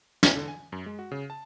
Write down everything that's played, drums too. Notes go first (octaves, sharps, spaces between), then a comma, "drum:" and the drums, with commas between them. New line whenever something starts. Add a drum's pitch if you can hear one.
E4, drum: snare
D3
G#5
F#2
G#3
F#4
C#3
A5